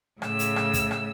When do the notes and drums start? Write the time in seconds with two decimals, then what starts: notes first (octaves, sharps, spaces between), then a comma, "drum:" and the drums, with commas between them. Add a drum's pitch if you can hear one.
0.22 A2 C#3 E6, drum: rim click
0.39 drum: hi-hat
0.56 drum: rim click
0.73 drum: kick, hi-hat
0.91 drum: rim click